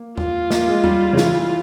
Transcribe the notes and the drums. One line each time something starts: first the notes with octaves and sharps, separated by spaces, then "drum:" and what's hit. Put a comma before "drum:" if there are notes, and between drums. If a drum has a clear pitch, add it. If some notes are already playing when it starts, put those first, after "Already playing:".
Already playing: A#3
F4, drum: tom E2
A#3, drum: snare
G#3
G3, drum: tom E2
C#3
E3 F4, drum: snare